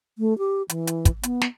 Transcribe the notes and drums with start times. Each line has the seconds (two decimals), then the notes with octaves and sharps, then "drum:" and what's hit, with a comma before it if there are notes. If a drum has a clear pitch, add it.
0.18 A3
0.38 G4
0.70 E3, drum: hi-hat
0.87 drum: hi-hat
1.05 drum: kick, hi-hat
1.23 B3, drum: hi-hat
1.41 drum: snare